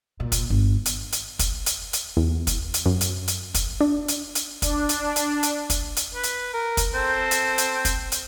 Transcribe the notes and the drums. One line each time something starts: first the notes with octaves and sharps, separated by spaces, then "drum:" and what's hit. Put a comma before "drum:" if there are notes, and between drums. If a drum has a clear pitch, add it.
A#2
drum: kick, hi-hat
G1
drum: hi-hat
drum: hi-hat
drum: kick, hi-hat
drum: hi-hat
drum: hi-hat
E2
drum: kick, hi-hat
drum: hi-hat
F#2
drum: hi-hat
drum: hi-hat
drum: kick, hi-hat
D4
drum: hi-hat
drum: hi-hat
D4, drum: kick, hi-hat
drum: hi-hat
drum: hi-hat
drum: hi-hat
drum: kick, hi-hat
drum: hi-hat
B4
drum: hi-hat
A#4
drum: kick, hi-hat
C4 A4 C5
drum: hi-hat
drum: hi-hat
drum: kick, hi-hat
drum: hi-hat